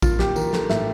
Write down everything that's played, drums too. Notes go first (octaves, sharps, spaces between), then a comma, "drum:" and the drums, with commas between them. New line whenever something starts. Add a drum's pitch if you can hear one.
A#3 F4, drum: kick A1, tambourine
G4, drum: snare
E3 A#4, drum: tambourine
A4, drum: snare
A2 E5, drum: snare